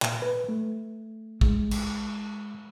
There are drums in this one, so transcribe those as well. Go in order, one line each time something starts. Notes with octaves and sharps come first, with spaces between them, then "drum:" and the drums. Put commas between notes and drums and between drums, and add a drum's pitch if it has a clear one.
A#2, drum: clap
B4
A3
G#3, drum: kick
drum: cymbal